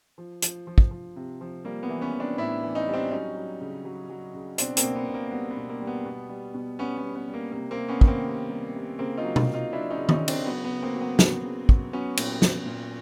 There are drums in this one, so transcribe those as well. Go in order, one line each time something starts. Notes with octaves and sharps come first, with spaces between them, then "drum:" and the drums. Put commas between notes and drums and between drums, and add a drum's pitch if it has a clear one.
F3
F3, drum: hi-hat
F3
drum: kick
F3
C3
F3
G3 A#3
B3
E3
B3 C#4
E3
C4 D4
A2 D4 E4
E3
C#4 D#4
G3
C4 D4
F#3 C#4 D#4
F#3
C#3
F#3
F#3
C#3
B2 C4 D4, drum: hi-hat
A#3 C4, drum: hi-hat
B2
B3
B2
A#3
G3 B3
B3
B2
A#3
G3
B3
B2
G3
B2
G3 B3 C#4
B3
G3
B3
G3
A#3
C3 A#3
A#3 C4
C3
B3 C#4
D#3, drum: kick
A#3 C4
C3
G3
C3
C#3 A#3 C4
D#4 F4
F#3
drum: tom B2
F#3
D#4 F4
F#3 D4 E4
C#4 D#4
C#3
C#4 D#4, drum: tom D#3
C#3
C4 D4, drum: cymbal
F#3 B3
B3
C#3
A#3 C4
F#3
B3
F#3, drum: snare
C#3
F#3, drum: kick
F#3 B3 C#4
A#2, drum: cymbal
A#2, drum: snare
A#2